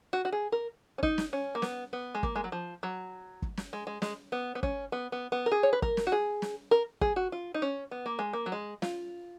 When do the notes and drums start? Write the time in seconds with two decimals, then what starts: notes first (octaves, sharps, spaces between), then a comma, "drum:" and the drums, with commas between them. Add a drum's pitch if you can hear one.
0.13 F#4
0.25 F#4
0.32 G#4
0.52 A#4
0.98 C#4
1.03 D#4, drum: kick
1.18 drum: snare
1.33 C#4
1.55 A#3
1.62 B3, drum: snare
1.93 B3
2.15 G#3
2.23 A#3, drum: kick
2.36 G#3
2.44 F#3
2.52 F3
2.83 F#3
3.42 drum: kick
3.57 drum: snare
3.73 G#3
3.87 G#3
4.02 G#3, drum: snare
4.32 B3
4.55 B3
4.63 C#4, drum: kick
4.92 B3
5.12 B3
5.32 B3
5.46 A#4
5.52 G#4
5.63 C#5
5.73 B4
5.82 A#4, drum: kick
5.97 drum: snare
6.07 F#4
6.12 G#4
6.42 drum: snare
6.71 A#4
7.01 G#4, drum: kick
7.16 F#4
7.32 F4
7.54 D#4
7.62 C#4
7.91 B3
8.06 A#3
8.19 G#3
8.33 A#3
8.46 F#3
8.52 G#3
8.82 F4, drum: snare